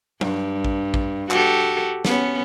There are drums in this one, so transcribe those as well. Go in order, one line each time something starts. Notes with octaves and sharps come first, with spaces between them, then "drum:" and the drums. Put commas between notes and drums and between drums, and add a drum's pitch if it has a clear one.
G2, drum: tom F#3
drum: kick A1
drum: kick A1
F#4 G4 A4, drum: clap
B3 C#4, drum: snare